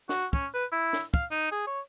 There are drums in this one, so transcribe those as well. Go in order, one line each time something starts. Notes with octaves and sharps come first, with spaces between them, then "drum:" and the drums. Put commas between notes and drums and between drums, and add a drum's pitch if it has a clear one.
F#4, drum: snare
C#4, drum: kick
B4
E4
drum: snare
F5, drum: kick
D#4
G#4
C#5